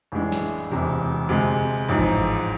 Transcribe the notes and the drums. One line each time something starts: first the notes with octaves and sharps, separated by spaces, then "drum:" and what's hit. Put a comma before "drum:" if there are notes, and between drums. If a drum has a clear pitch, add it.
A1 A2 G#3 D4
drum: snare
E1 E2 C3
D2 C3 G#3
A1 G#2 F3
drum: kick G1